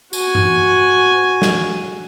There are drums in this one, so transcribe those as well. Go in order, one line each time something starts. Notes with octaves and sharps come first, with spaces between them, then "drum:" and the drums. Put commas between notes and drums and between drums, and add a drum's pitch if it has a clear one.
F#4 G#5, drum: tambourine
drum: tom G2
drum: snare